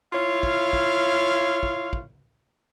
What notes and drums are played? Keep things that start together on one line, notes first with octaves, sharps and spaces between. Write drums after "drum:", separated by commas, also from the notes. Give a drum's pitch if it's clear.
E4 F4 C#5 F5
drum: kick
drum: kick
drum: kick
drum: kick